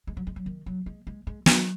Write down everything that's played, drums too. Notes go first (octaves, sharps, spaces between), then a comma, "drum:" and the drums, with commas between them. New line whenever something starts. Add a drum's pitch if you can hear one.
G#3
F#3
G#3
F#3
D#3
F#3
G#3
G#3
G#3
F#3, drum: snare